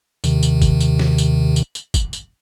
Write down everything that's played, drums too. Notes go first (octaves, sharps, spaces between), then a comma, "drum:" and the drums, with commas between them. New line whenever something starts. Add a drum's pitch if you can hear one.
D#2 C3 D#3, drum: tambourine
drum: tambourine
drum: kick, tambourine
drum: tambourine
drum: snare
drum: tambourine
drum: tambourine
drum: tambourine
drum: kick, tambourine
drum: tambourine